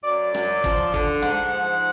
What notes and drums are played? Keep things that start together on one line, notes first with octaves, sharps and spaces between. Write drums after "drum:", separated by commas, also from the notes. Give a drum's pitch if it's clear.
F#2 D5
F#2, drum: rim click
F3, drum: kick
D3, drum: kick
G#2 F#5, drum: rim click
F3